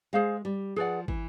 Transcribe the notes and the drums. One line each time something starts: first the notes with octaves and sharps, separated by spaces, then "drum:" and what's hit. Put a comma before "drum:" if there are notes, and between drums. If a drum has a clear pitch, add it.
G#3 G#4 C5 F5
G3
F3 G#4 B4 D5 F#5
E3, drum: kick